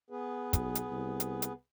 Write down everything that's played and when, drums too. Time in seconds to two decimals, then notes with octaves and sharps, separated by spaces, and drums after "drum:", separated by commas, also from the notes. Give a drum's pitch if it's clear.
0.10 B3 G#4 B4
0.53 B1, drum: kick, hi-hat
0.75 drum: hi-hat
0.91 C2
1.20 drum: hi-hat
1.42 drum: hi-hat